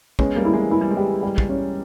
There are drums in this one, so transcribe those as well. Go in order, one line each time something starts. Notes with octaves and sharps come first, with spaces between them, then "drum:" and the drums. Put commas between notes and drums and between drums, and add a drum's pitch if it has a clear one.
G#3 B3 C#4, drum: kick
G3 A#3
E4
E3 G#3
G#3 E4
G3
E3 G#3
G3
G3
drum: kick
C#4